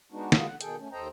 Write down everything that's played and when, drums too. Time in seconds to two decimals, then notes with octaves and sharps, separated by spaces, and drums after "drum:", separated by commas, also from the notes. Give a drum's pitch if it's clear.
0.12 G#3 B3 D4 D#4 F#4
0.32 F#3 G#3 A#3 B3 F4 D#5, drum: snare
0.47 D3 F#5
0.61 B2 D#3 G#4 A4 G5, drum: hi-hat
0.78 A3 C#4
0.92 D#2 A4 C5 D#5 G5 A#5